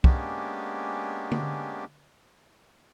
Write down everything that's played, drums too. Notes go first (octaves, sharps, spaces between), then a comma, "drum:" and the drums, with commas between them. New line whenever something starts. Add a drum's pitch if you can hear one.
G#3 A#3 B3 C#4 D4 G4, drum: kick
drum: tom